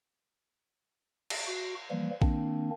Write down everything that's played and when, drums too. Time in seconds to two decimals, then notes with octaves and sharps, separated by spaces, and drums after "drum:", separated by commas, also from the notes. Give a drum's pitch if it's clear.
1.30 drum: cymbal
1.47 F#4
1.90 E3 F3 G3 A#3
2.22 D#3 A#3 C4 D4, drum: kick A#1